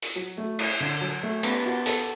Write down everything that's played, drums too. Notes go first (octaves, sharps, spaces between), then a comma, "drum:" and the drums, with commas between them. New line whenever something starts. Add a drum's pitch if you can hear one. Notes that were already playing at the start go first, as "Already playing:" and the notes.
drum: open hi-hat
F#3
A3
E4, drum: cymbal
D3
F#3
A3
B3, drum: cymbal
F#4
A4, drum: open hi-hat